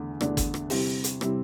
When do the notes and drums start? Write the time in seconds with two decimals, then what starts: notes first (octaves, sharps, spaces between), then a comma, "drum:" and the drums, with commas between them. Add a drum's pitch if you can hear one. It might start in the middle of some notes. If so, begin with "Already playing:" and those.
Already playing: E2 D3 A3
0.21 E2 D3 A3 D4, drum: rim click
0.37 drum: kick, hi-hat
0.54 drum: rim click
0.70 C3 G3 C4 E4, drum: open hi-hat
1.04 drum: hi-hat
1.21 C3 G3 C4 E4, drum: rim click